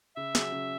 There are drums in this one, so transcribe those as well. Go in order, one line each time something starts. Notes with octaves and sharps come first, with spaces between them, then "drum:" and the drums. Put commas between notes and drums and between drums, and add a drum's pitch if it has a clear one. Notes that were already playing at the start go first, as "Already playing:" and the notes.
C#3 E5
F#3 C#4 G#4, drum: snare
C#3